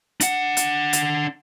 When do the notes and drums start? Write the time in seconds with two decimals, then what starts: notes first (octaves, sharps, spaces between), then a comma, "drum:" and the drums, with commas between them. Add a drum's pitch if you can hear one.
0.21 D4 F#5, drum: hi-hat
0.57 drum: hi-hat
0.93 drum: hi-hat